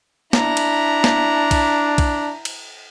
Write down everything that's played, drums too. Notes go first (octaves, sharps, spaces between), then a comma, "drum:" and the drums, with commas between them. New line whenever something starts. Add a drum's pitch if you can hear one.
D4 E4 A#5, drum: snare
drum: cymbal
drum: snare
drum: kick B1, cymbal
drum: kick B1, cymbal
drum: cymbal